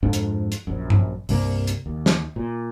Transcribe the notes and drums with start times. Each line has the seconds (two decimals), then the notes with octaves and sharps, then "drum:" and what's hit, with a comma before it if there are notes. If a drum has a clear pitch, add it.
0.03 F2 G#2 D4
0.13 drum: hi-hat
0.52 drum: hi-hat
0.67 A#1 F#2
0.90 drum: tom G2
1.29 C2 G2 C3 A#3, drum: open hi-hat
1.67 drum: hi-hat
1.86 D#2
2.06 drum: snare
2.36 A#2